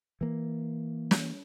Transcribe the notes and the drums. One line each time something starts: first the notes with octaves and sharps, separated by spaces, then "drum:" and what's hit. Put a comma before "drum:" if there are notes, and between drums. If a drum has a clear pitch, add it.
E3 A#3
drum: snare